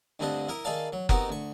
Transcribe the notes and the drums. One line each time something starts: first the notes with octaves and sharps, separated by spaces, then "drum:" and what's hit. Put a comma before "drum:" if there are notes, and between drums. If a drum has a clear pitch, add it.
D2 G2 D3 C4 D4 D#5
E4 A#4 D#6
D#3 G#4 A4 D5 F5 A5
F#3
B3 C4 D#4 F#4 G4 A#4, drum: kick F#1
D2 C#6